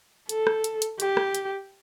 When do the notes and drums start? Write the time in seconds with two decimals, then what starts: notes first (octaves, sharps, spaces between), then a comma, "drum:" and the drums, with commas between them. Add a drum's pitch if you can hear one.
0.29 A4, drum: hi-hat
0.47 drum: rim click
0.64 drum: hi-hat
0.82 drum: hi-hat
1.00 G4, drum: hi-hat
1.17 drum: rim click
1.35 drum: hi-hat